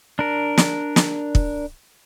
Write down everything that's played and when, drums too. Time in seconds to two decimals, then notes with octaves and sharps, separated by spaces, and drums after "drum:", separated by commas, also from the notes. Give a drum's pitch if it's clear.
0.19 D4 A#4
0.58 drum: snare
0.96 drum: snare
1.35 drum: kick